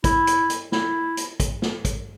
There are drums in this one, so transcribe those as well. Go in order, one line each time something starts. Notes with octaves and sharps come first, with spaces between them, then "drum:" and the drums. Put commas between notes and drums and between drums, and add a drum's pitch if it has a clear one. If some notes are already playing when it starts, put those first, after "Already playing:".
E4, drum: kick, hi-hat
drum: hi-hat
drum: hi-hat
E4, drum: snare
drum: hi-hat
drum: kick, hi-hat
drum: snare
drum: kick, hi-hat